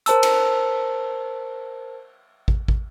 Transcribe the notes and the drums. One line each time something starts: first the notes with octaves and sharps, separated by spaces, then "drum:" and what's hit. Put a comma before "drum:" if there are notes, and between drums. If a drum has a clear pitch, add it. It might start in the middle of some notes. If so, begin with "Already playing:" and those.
A#4 C5 A5 E6, drum: hi-hat
drum: cymbal
drum: kick
drum: kick